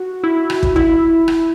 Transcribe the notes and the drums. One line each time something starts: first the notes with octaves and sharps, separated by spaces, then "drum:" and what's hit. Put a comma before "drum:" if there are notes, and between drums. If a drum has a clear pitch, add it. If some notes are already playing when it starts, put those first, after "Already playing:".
Already playing: F#4
E4
drum: rim click
drum: kick
E4, drum: kick
drum: rim click